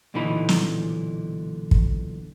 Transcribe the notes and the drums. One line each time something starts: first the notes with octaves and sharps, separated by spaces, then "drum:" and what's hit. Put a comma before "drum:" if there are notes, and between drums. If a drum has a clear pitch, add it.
B1 A#2 D3 E3 D#4 B5
drum: snare
drum: kick